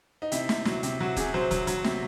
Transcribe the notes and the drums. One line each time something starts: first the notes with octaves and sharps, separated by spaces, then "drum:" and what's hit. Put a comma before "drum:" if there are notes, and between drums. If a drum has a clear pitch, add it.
D#4
C3 E4, drum: hi-hat
C3, drum: snare
F#3, drum: snare
C3, drum: hi-hat
F#3 F#4
C3 G#4, drum: kick, hi-hat
F#3 C5
F#3, drum: kick, hi-hat
F#3, drum: hi-hat
C3, drum: snare